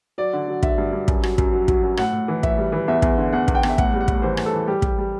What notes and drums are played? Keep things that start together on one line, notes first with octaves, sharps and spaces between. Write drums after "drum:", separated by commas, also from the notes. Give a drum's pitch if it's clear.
F#3 D5
D3
F#3
D3 E5, drum: kick
G2
G2
F#2, drum: kick
F#3, drum: rim click
F#2, drum: kick
F#3
F#3, drum: kick
F#2
A2 F#5, drum: rim click
A2
E3
A2 E5, drum: kick
G3
E3
E2 E5
E2, drum: kick
D3
E2 F#5
E2, drum: kick
G5
E2, drum: rim click
E5
A2 F#5, drum: kick
G3
F#5
A2, drum: kick
E3 C5
A2, drum: rim click
A4
E3
G3 G4
G3, drum: kick
G3